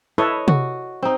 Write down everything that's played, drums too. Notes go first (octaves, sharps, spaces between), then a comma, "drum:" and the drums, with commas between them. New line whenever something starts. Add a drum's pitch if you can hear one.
E4 A4 B4 C#5 D#5
F#4, drum: tom C3
C4 D#4